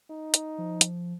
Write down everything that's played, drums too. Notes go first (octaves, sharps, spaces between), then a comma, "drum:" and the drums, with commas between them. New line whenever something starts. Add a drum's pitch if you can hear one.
D#4
drum: hi-hat
F3
drum: hi-hat